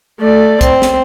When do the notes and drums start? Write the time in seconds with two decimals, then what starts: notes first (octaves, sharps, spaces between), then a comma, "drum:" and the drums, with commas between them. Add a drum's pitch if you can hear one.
0.19 A3 D5
0.61 C4, drum: kick C2, hi-hat
0.82 drum: snare